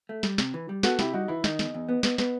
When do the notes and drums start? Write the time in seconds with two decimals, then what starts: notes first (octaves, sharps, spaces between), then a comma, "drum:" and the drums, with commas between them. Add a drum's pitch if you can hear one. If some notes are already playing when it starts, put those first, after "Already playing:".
0.09 A3
0.23 G3, drum: snare
0.38 C3, drum: snare
0.54 E3
0.69 G3
0.83 B3 F#4 A4, drum: snare
0.99 C3 E4 G4, drum: snare
1.13 G3 D#4 F#4
1.28 E3 E4
1.44 D#3 D#4, drum: snare
1.59 E2, drum: snare
1.74 E2
1.89 B3
2.03 B3, drum: snare
2.18 B3, drum: snare